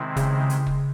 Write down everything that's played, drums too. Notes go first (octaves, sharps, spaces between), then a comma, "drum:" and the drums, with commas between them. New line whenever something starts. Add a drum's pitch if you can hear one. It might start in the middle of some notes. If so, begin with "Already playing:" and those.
Already playing: C3 D#3 G#3 C4 E4
C#3, drum: kick, hi-hat
drum: hi-hat
drum: kick